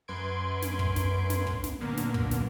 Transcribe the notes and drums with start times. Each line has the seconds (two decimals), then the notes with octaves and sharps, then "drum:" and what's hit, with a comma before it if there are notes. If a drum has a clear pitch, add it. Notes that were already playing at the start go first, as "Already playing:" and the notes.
0.08 F#2 B4 C6 G#6 D7
0.62 drum: snare
0.79 drum: kick
0.96 drum: snare
1.30 drum: snare
1.47 drum: kick
1.64 drum: snare
1.80 A#2 D3 F#3 A#3 B3
1.97 drum: snare
2.14 drum: kick
2.31 drum: snare